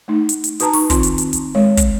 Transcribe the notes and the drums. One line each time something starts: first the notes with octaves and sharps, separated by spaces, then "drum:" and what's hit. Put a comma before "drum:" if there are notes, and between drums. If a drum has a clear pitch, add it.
A3 D#4
drum: hi-hat
drum: hi-hat
D#4 F#4 B4 A5 A#5, drum: hi-hat
D#4 A#5 C#6, drum: open hi-hat
D#3 C4 F4 C6, drum: kick, hi-hat
drum: hi-hat
drum: hi-hat
drum: hi-hat
G#3 C#5
drum: kick, hi-hat